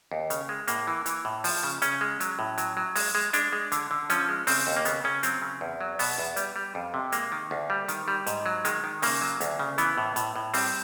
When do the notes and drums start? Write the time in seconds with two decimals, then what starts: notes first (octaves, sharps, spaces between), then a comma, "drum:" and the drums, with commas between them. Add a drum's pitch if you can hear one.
0.12 D#2
0.30 C#3, drum: hi-hat
0.49 G#3
0.68 A2 A#3, drum: hi-hat
0.87 E3
1.06 E3, drum: hi-hat
1.25 A2
1.44 F3, drum: open hi-hat
1.63 C#3
1.82 C#3 C#4, drum: hi-hat
2.01 G#3
2.20 F#3, drum: hi-hat
2.39 A2
2.58 F#3, drum: hi-hat
2.77 F#3
2.96 G#3, drum: open hi-hat
3.15 G#3
3.33 G#3 D4, drum: hi-hat
3.53 G#3
3.72 D3, drum: hi-hat
3.91 D3
4.10 F3 C#4, drum: hi-hat
4.29 G#3
4.47 C#3 C4, drum: open hi-hat
4.67 D#2
4.76 A#3
4.85 C#3 B3, drum: hi-hat
5.04 C#3 C#4
5.23 F#3 C4, drum: hi-hat
5.42 C#3
5.61 E2
5.81 F#3
5.99 B2 B3, drum: open hi-hat
6.18 E2
6.36 G3, drum: hi-hat
6.56 G3
6.75 F2
6.94 C3
7.12 G#3 A#3, drum: hi-hat
7.32 D#3
7.51 D2
7.70 G3
7.88 D#3, drum: hi-hat
8.08 G3
8.27 G#2, drum: hi-hat
8.46 F#3
8.65 D#3 G#3, drum: hi-hat
8.84 D#3
9.02 C#3 A#3, drum: open hi-hat
9.21 F#3
9.41 D2, drum: hi-hat
9.59 C#3
9.78 E3 B3, drum: hi-hat
9.98 A2
10.16 A2, drum: hi-hat
10.36 A2
10.54 G3 C4, drum: open hi-hat